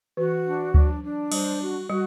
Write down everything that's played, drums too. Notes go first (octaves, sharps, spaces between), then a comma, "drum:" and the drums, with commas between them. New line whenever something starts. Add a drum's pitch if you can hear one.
E3 F#4
D4
F#3 D4, drum: kick D2
D4
G3 C5, drum: cymbal
F#4
G3 F#4